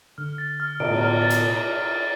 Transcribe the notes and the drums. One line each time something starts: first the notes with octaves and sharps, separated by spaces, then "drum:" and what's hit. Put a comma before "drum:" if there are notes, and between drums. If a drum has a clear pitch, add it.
D3 F6
A6
F6
B2 D7, drum: cymbal
A2
B2
F6
A6
B2, drum: hi-hat